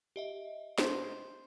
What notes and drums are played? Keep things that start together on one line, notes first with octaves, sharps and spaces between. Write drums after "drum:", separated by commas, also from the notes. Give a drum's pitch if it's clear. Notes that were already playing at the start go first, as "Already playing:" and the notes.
G4 D#5 E5
C5, drum: snare